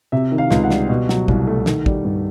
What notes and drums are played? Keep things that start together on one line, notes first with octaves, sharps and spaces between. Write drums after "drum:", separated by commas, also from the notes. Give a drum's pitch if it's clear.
C3 E5
D#3
F5
C#2, drum: snare
F#5
G3, drum: snare
B2
F#3, drum: snare
C2, drum: kick
A3
D#3, drum: snare
G3, drum: kick
G2